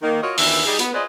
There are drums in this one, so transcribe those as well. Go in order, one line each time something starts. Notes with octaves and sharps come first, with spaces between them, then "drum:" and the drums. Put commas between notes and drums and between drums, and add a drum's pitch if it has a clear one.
D#3 A#3
F4 F#4 A#4 C#5 D#5
D#2 D#3 E3 B3 D4 E5, drum: open hi-hat
G3 D#4 G#4
B3, drum: hi-hat
F4 G#4 B4 C5 D5 D#5